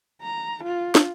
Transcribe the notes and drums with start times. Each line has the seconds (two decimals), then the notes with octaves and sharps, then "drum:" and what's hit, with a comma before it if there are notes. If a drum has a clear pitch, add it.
0.22 A#5
0.64 F4
0.95 drum: snare